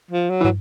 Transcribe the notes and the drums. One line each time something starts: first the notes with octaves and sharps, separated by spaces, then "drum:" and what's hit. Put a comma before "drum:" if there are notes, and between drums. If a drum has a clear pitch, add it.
F3
F#3
E3
F#3, drum: tom